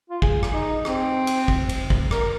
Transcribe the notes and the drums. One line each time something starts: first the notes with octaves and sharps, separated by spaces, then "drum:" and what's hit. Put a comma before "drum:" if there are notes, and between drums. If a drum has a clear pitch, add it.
F4
G#4, drum: kick
drum: rim click
D#4
C4, drum: rim click
drum: cymbal
drum: kick
drum: cymbal
drum: kick
A#4, drum: rim click